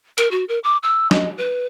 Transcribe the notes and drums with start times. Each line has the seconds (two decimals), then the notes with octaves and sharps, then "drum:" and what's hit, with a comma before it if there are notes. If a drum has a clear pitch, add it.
0.18 A#4, drum: hi-hat
0.31 F#4
0.49 A#4
0.64 D6
0.83 E6
1.11 D#5, drum: snare
1.38 B4